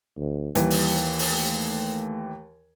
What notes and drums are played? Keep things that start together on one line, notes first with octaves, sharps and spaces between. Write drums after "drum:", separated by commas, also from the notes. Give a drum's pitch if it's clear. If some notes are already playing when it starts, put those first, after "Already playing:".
D2
D#2 E3 G3, drum: hi-hat
drum: open hi-hat
drum: open hi-hat
A3